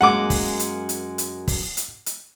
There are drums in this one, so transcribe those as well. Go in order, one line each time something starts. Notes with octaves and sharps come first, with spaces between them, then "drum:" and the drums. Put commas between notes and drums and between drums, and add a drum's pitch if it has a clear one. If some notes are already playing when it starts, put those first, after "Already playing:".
F#2 G#3 A#3 F#5 D6
drum: kick, open hi-hat
drum: hi-hat
drum: hi-hat
drum: hi-hat
drum: kick, open hi-hat
drum: hi-hat
drum: hi-hat